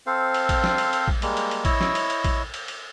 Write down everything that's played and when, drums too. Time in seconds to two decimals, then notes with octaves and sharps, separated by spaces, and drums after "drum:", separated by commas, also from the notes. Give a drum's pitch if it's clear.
0.07 C4 A4 C5 F5
0.34 drum: cymbal
0.49 drum: kick A#1, cymbal
0.64 drum: snare
0.78 drum: cymbal
0.93 drum: cymbal
1.08 drum: kick A#1
1.22 G3 G#3 A#3, drum: cymbal
1.37 drum: cymbal
1.51 drum: cymbal
1.65 E4 C#5 D#5 E6, drum: kick A#1, cymbal
1.81 drum: snare
1.95 drum: cymbal
2.10 drum: cymbal
2.24 drum: kick A#1, cymbal
2.54 drum: cymbal
2.68 drum: cymbal